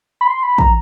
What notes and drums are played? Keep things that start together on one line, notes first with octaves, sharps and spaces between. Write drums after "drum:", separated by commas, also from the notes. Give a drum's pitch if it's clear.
B5
C6
B5
A#5, drum: kick